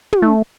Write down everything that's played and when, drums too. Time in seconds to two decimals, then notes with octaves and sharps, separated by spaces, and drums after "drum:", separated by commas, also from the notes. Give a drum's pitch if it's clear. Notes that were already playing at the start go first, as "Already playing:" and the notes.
0.13 drum: tom
0.22 A3